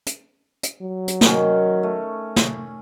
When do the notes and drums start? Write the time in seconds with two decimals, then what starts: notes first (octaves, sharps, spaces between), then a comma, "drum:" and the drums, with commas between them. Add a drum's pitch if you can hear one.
0.06 drum: hi-hat
0.63 drum: hi-hat
0.82 F#3
1.08 drum: hi-hat
1.21 D#3 C#4, drum: snare
1.83 A3
2.36 drum: snare